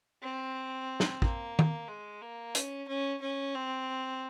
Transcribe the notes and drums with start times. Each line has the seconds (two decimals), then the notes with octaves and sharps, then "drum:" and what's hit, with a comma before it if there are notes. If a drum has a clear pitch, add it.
0.22 C4
1.00 drum: snare
1.22 A#3, drum: kick
1.59 drum: tom D#3
1.88 G#3
2.22 A#3
2.55 C#4, drum: hi-hat
2.88 C#4
3.21 C#4
3.54 C4